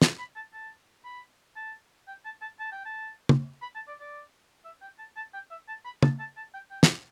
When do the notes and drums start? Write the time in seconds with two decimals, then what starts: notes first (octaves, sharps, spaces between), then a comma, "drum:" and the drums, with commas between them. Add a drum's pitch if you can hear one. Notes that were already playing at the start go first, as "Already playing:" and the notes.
0.02 A5, drum: snare
0.19 B5
0.36 A5
0.53 A5
1.05 B5
1.56 A5
2.08 G5
2.25 A5
2.41 A5
2.59 A5
2.72 G5
2.86 A5
3.29 drum: tom
3.62 B5
3.75 A5
3.88 D5
4.00 D5
4.65 E5
4.82 G5
4.99 A5
5.16 A5
5.34 G5
5.51 E5
5.68 A5
5.85 B5
6.03 A5, drum: tom
6.19 A5
6.37 A5
6.54 G5
6.71 G5
6.83 drum: snare